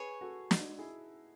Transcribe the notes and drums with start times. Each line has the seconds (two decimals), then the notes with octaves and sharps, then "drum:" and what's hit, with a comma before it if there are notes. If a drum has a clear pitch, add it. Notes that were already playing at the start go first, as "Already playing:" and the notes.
Already playing: G#4 B4 C#5 G#5 C#6
0.21 F#4 A4
0.51 D#4 F#4, drum: snare
0.79 E4 G#4